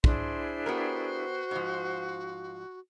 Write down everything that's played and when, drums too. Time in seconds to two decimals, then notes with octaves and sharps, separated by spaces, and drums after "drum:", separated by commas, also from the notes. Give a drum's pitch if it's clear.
0.04 D4 E4 G#4 C5 C6, drum: kick
0.66 B3 F#4 G4 A#4
1.51 G#2 F3 F5